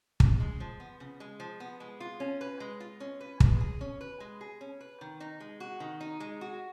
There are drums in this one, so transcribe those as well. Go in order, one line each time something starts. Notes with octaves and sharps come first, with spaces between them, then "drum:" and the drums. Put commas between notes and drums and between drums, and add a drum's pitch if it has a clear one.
C#3, drum: kick
G#3
F3
B3
C#3
G#3
F3
B3
G#3
F4
C#4
B4
G#3
F4
C#4
B4
G#3, drum: kick
G#4
C#4
B4
G#3
G#4
C#4
B4
D#3
D#4
G#3
F#4
D#3
D#4
G#3
F#4